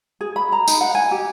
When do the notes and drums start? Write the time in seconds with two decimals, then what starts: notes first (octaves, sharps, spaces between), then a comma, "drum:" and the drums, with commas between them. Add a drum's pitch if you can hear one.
0.21 G#4
0.36 B5
0.52 A#5
0.68 D#4, drum: tambourine
0.81 F#5
0.95 G#5
1.11 G4